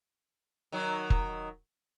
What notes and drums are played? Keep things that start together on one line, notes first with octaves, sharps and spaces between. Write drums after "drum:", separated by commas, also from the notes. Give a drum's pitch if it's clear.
D#3 F#3
drum: kick F1